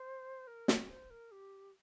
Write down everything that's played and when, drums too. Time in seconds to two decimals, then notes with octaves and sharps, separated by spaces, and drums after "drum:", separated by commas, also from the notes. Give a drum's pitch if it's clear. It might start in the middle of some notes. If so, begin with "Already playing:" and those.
Already playing: C5
0.47 A#4
0.68 F#4, drum: snare
0.89 C5
1.10 A#4
1.31 G4